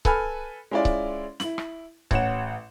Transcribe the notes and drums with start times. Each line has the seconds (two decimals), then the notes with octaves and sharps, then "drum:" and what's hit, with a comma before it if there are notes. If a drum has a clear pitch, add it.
0.05 A4 B4 G#5 B5 F6, drum: kick C#1
0.71 G#3 C#4 E4 F4 D5
0.85 drum: kick C#1
1.40 E4 F#7, drum: snare
1.58 drum: rim click
2.11 A1 C#5 F#5 E7, drum: kick C#1